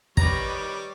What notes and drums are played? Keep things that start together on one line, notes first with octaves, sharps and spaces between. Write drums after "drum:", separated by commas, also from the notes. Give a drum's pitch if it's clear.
D#3 G3 B4 C#5 A#5 D6, drum: kick